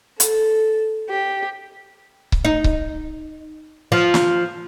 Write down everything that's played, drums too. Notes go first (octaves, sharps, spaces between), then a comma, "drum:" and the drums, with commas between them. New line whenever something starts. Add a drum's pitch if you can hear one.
A4, drum: hi-hat
G4
drum: kick C#1
D#4
drum: kick C#1
F3
drum: snare